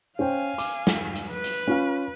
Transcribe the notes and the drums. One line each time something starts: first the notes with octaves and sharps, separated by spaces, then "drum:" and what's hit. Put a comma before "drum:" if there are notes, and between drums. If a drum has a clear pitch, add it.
C#4 C5 F5 G5 G#5
D6, drum: hi-hat
drum: snare
drum: hi-hat
B4
drum: hi-hat
C#4 F4 F5